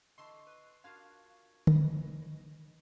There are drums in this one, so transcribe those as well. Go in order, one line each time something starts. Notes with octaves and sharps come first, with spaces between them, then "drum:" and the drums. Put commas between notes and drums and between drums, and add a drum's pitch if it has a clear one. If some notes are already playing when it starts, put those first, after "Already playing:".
D3 E3 D#5 A5 C6 C#6 E6
B4
D4 F4 F#4 A#4 F5 C#6 G#6
B4 D#5 A#6, drum: tom